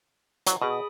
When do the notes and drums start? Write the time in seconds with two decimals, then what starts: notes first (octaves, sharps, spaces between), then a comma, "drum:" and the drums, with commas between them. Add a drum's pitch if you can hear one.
0.47 F#3, drum: hi-hat
0.62 B2 G#4 B5 D#6